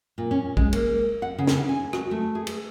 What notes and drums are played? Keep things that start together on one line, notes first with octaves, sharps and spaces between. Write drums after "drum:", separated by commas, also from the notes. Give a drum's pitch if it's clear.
A#2
C#4
G#3, drum: kick
A#3, drum: cymbal
F#5
C#3
drum: snare
G#5
F#4, drum: rim click
A3
G#4
drum: cymbal